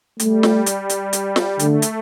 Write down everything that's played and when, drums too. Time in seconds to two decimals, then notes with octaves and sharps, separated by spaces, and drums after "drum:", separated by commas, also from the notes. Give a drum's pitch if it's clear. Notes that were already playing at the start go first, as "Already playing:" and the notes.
0.20 G3 A3, drum: hi-hat
0.43 drum: snare
0.66 drum: hi-hat
0.90 drum: hi-hat
1.13 drum: hi-hat
1.36 drum: snare
1.59 D3 A3, drum: hi-hat
1.82 drum: hi-hat